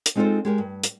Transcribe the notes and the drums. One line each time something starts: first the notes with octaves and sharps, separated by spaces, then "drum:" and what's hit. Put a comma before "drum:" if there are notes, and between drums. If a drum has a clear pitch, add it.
drum: hi-hat
G#3 C4 D#4 F4 A4 C5
G#3 G4 A#4
G2
drum: hi-hat